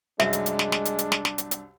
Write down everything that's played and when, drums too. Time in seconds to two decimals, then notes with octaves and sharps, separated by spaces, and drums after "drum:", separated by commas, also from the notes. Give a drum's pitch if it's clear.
0.20 C2 F#2 G#3 D4 E5, drum: snare
0.33 drum: hi-hat
0.46 drum: hi-hat
0.59 drum: snare
0.72 drum: snare
0.85 drum: hi-hat
0.99 drum: hi-hat
1.12 drum: snare
1.25 drum: snare
1.38 drum: hi-hat
1.51 drum: hi-hat